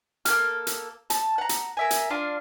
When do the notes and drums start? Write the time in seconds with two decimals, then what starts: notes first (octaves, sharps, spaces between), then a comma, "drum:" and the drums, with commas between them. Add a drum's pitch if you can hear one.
0.25 A#3 G#4 A4 F6, drum: hi-hat
0.67 drum: hi-hat
1.10 A5, drum: hi-hat
1.38 F#5 A#5
1.49 drum: hi-hat
1.77 A#4 E5 G#5
1.91 drum: hi-hat
2.10 D4 F4 F5 C6